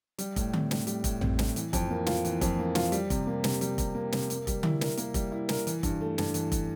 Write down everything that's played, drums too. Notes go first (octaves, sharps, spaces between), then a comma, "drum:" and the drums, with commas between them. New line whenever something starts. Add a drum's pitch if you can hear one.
G3, drum: hi-hat
A2, drum: kick F1, hi-hat
C4, drum: tom D3
A2, drum: snare
G3, drum: hi-hat
A2, drum: kick F1, hi-hat
C4, drum: tom A1
A2, drum: snare
E3, drum: hi-hat
F2, drum: kick F1, hi-hat
A#3
F4, drum: snare
E3, drum: hi-hat
F2, drum: kick F1, hi-hat
A#3
F4, drum: snare
G3, drum: hi-hat
C3, drum: kick F1, hi-hat
A#3
C3, drum: snare
G3, drum: hi-hat
C3, drum: kick F1, hi-hat
A#3
C3, drum: snare
A#3, drum: hi-hat
G3, drum: kick F1, hi-hat
E4, drum: tom D3
A#4, drum: snare
A#3, drum: hi-hat
G3, drum: kick F1, hi-hat
E4
A#4, drum: snare
E3, drum: hi-hat
G2, drum: kick F1, hi-hat
A3
G2, drum: snare
E3, drum: hi-hat
drum: kick F1, hi-hat